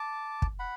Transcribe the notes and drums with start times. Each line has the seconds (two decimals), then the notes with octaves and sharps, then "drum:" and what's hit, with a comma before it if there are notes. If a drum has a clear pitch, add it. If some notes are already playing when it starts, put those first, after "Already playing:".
Already playing: A5 D6
0.42 drum: kick
0.59 F#5 B5